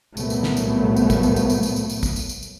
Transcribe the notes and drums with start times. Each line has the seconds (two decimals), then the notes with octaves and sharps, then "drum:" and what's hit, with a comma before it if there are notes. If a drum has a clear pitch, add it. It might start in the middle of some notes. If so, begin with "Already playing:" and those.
0.17 C2 A#2 F#3 A3 B3, drum: tambourine
0.30 drum: tambourine
0.43 drum: snare
0.57 drum: tambourine
0.97 drum: tambourine
1.10 drum: kick, tambourine
1.23 drum: tambourine
1.36 drum: tambourine
1.50 drum: tambourine
1.63 drum: tambourine
1.76 drum: tambourine
1.90 drum: tambourine
2.03 drum: kick, tambourine
2.16 drum: tambourine
2.29 drum: tambourine
2.43 drum: tambourine